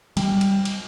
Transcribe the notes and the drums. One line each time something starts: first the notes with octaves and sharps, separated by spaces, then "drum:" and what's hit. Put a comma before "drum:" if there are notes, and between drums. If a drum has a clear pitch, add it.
G3, drum: cymbal
drum: cymbal
drum: cymbal